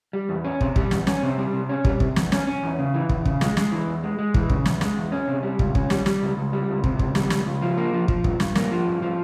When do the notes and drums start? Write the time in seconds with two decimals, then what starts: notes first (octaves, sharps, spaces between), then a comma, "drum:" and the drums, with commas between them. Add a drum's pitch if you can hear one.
0.13 G3
0.29 E2
0.45 C#4
0.61 C3, drum: kick
0.76 G3, drum: kick
0.91 E2, drum: snare
1.07 C#4, drum: snare
1.23 C3
1.38 G3
1.53 C3
1.69 C#4
1.85 G3, drum: kick
2.00 C3, drum: kick
2.16 E2, drum: snare
2.32 C#4, drum: snare
2.47 C#4
2.63 E2
2.79 C#3
2.94 E3
3.09 E2, drum: kick
3.25 C#3, drum: kick
3.41 G#3, drum: snare
3.57 G#3, drum: snare
3.72 E3
3.87 E2
4.03 G#3
4.19 G#3
4.34 E3, drum: kick
4.50 C#3, drum: kick
4.65 E2, drum: snare
4.81 G#3, drum: snare
4.97 E2
5.12 C#4
5.28 C3
5.43 G3
5.59 C#2, drum: kick
5.75 C#4, drum: kick
5.90 G3, drum: snare
6.06 G3, drum: snare
6.22 C#2
6.37 C#2
6.53 G3
6.69 C#2
6.84 C3, drum: kick
6.99 C#2, drum: kick
7.15 G3, drum: snare
7.30 C#2, drum: snare
7.46 C#2
7.62 F3
7.77 A#3
7.93 F3
8.08 F3, drum: kick
8.24 G2, drum: kick
8.40 G2, drum: snare
8.55 A#3, drum: snare
8.71 F3
8.87 G2
9.02 F3